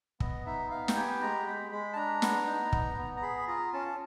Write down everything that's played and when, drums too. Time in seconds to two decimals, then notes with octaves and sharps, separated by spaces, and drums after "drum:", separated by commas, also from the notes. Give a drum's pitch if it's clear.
0.20 B3 D#5, drum: kick
0.46 D#4 E5
0.71 B3 F5
0.88 G5, drum: snare
0.96 G4 G#5
1.22 G#3 A#5
1.47 G#3 B5
1.72 G#3 B5
1.93 A5
1.96 D4 A#5
2.22 B3, drum: snare
2.47 D#4
2.73 B3, drum: kick
2.98 B3
3.17 A#5
3.22 G#4 B5
3.47 F4 A#5
3.73 C#4 A5